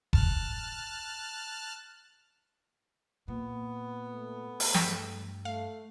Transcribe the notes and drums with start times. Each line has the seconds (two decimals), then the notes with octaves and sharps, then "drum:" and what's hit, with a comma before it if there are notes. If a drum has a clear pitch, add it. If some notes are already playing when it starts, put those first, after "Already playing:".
0.13 A5 F6 F#6, drum: kick F1
3.28 A#2 B3
4.12 A3
4.60 drum: open hi-hat
4.74 G2 G5 E6 B6, drum: snare
5.45 A3 F5